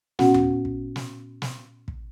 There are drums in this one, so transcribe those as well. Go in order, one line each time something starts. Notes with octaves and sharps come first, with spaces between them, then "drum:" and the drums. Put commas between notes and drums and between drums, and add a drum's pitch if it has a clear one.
A#2 B3 C#4 F#4 F#5, drum: snare
drum: tom D#2
drum: kick
drum: snare
drum: snare
drum: kick